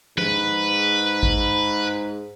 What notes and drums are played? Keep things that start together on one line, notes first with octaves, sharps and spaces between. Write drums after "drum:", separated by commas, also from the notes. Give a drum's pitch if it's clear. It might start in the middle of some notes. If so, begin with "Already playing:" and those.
G#2 B4, drum: tom F3
drum: kick G#1